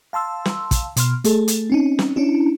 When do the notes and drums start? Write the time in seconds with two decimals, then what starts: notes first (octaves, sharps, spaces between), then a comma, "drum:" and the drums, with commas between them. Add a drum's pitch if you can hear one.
0.13 F5 A5 C6 E6
0.45 drum: snare
0.71 drum: kick, hi-hat
0.97 B2 C6 F6, drum: hi-hat
1.24 A3 G#4 A4, drum: hi-hat
1.48 drum: hi-hat
1.70 C4 C#4 D#4
1.99 drum: snare
2.16 C#4 D4 E4